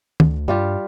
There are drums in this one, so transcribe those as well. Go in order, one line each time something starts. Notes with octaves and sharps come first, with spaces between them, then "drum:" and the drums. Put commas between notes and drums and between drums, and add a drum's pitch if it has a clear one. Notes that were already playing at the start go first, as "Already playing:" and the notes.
D2, drum: tom
G2 G3 F4 G4